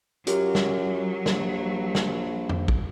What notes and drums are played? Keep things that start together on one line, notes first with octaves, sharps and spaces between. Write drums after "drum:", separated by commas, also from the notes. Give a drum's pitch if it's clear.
F#2 F#3 F4 G4 A#4, drum: hi-hat
drum: snare
A#1, drum: snare
drum: snare
drum: tom F2
drum: kick